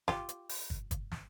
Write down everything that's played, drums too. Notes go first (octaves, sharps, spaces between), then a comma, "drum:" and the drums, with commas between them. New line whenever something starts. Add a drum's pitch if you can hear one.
F4 G4, drum: snare
drum: hi-hat
drum: open hi-hat
drum: kick
drum: kick, hi-hat
drum: snare